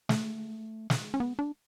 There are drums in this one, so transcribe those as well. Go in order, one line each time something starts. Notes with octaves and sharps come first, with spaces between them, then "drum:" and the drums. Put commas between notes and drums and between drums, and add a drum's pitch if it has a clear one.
A3, drum: snare
drum: snare
C#4
B3
D4